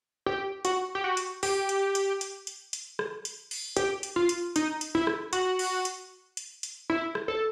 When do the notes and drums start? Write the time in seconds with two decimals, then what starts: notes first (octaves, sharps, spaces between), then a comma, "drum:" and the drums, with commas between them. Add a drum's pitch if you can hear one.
0.26 G4
0.65 F#4, drum: hi-hat
0.95 G4
1.04 F#4
1.17 drum: hi-hat
1.43 G4, drum: open hi-hat
1.69 drum: hi-hat
1.95 drum: hi-hat
2.21 drum: hi-hat
2.47 drum: hi-hat
2.73 drum: hi-hat
2.99 drum: rim click
3.25 drum: hi-hat
3.51 drum: open hi-hat
3.77 G4, drum: hi-hat
4.03 drum: hi-hat
4.16 F4
4.29 drum: hi-hat
4.56 D#4, drum: hi-hat
4.81 drum: hi-hat
4.95 E4
5.07 drum: rim click
5.33 F#4, drum: hi-hat
5.59 drum: open hi-hat
5.85 drum: hi-hat
6.37 drum: hi-hat
6.63 drum: hi-hat
6.90 E4
7.15 drum: rim click
7.28 A4